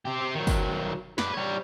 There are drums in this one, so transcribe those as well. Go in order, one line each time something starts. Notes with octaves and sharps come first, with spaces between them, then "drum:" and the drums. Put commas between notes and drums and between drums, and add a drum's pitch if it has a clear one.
C4 G4
D#3 F#3
drum: kick, tambourine
B4 D5, drum: snare
G3 C#5